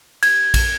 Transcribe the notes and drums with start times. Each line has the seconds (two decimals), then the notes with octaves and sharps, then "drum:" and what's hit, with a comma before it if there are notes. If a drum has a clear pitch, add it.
0.23 G#6, drum: cymbal
0.54 drum: kick A#1, cymbal